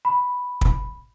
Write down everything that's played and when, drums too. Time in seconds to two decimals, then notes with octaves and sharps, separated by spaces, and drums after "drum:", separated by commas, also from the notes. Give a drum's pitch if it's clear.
0.05 B5
0.61 drum: kick